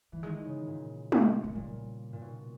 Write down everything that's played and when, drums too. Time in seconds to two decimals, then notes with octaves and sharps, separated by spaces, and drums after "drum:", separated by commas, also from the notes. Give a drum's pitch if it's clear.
0.12 E3 G3
0.23 D#3 G#3
0.45 C#3
0.67 A#2
1.12 drum: tom G#3
1.44 G#3
1.55 A#2 G3
2.13 A#2
2.21 B2